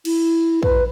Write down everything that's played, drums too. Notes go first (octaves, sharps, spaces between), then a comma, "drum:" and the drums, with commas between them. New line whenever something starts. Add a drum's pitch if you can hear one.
E4, drum: cymbal
B4, drum: kick